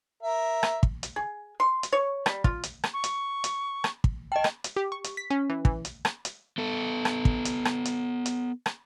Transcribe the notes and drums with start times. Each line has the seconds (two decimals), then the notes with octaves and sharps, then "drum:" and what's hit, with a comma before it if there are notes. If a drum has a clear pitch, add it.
0.23 A#4 E5
0.63 drum: rim click
0.83 drum: kick
1.03 drum: hi-hat
1.16 G#4
1.60 C6
1.83 drum: hi-hat
1.92 C#5
2.26 G3, drum: rim click
2.44 F4, drum: kick
2.63 drum: hi-hat
2.84 drum: rim click
2.94 C#6
3.04 drum: hi-hat
3.44 drum: hi-hat
3.84 drum: rim click
4.04 drum: kick
4.32 D#5 G5 A5
4.44 drum: rim click
4.64 drum: hi-hat
4.76 G4
4.92 C#6
5.04 drum: hi-hat
5.17 B6
5.30 C#4
5.50 E3
5.65 E3, drum: kick
5.85 drum: hi-hat
6.05 drum: rim click
6.25 drum: hi-hat
6.58 B3 A4
7.05 drum: rim click
7.25 drum: kick
7.45 drum: hi-hat
7.65 drum: rim click
7.85 drum: hi-hat
8.26 drum: hi-hat
8.66 drum: rim click